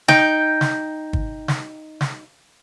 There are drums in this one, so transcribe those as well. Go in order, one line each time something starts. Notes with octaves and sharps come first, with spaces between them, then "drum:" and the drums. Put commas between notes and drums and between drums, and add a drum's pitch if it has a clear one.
D#4 G5, drum: snare
drum: snare
drum: kick
drum: snare
drum: snare